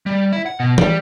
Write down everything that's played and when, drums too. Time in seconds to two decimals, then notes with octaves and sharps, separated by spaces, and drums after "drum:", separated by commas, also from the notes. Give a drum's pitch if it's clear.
0.06 G3
0.33 E4
0.46 F#5
0.60 B2
0.78 G3, drum: tom